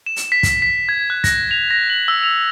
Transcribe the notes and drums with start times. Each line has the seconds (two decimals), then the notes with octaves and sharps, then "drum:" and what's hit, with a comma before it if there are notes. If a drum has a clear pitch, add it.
0.06 E7
0.16 drum: hi-hat
0.32 B6
0.43 drum: kick, hi-hat
0.62 B6
0.89 G#6
1.10 F#6
1.24 A#6, drum: kick, hi-hat
1.51 F7
1.71 A#6
1.90 F#7
2.08 E6
2.23 F7